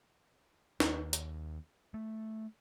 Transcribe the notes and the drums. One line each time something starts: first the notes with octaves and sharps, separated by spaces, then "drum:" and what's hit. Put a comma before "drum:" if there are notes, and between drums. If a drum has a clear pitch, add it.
D#2, drum: snare
drum: hi-hat
A3